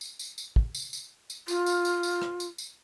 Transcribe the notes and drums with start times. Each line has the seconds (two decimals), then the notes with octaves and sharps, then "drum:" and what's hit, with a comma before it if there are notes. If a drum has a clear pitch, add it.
0.01 drum: tambourine
0.19 drum: tambourine
0.38 drum: tambourine
0.56 drum: kick
0.75 drum: tambourine
0.93 drum: tambourine
1.30 drum: tambourine
1.48 F4, drum: tambourine
1.66 drum: tambourine
1.85 drum: tambourine
2.03 drum: tambourine
2.22 drum: rim click
2.40 drum: tambourine
2.58 drum: tambourine